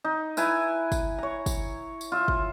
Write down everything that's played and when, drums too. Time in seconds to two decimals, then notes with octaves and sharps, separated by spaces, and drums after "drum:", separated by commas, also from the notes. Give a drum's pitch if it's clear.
0.04 D#4
0.37 E4 B4 G#5 A#5, drum: tambourine
0.92 drum: kick, tambourine
1.18 C#5 A#5
1.46 drum: kick, tambourine
2.01 drum: tambourine
2.12 F4 E5
2.28 drum: kick